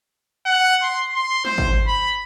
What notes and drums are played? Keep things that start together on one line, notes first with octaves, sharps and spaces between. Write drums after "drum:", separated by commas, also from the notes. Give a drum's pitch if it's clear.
F#5
C6
C6
C5, drum: snare
drum: kick G#1
B5